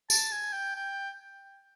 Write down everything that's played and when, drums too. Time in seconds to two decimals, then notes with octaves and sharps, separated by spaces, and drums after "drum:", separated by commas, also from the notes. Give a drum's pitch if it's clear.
0.10 A5, drum: tambourine
0.32 G#5
0.53 G5
0.76 G5